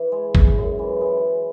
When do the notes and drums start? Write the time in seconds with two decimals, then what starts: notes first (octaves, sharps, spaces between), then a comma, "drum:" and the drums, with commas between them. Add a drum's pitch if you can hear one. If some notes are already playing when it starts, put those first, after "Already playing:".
Already playing: E3
0.12 G#3
0.35 G#3, drum: kick
0.57 F#2
0.79 E3
1.01 G#3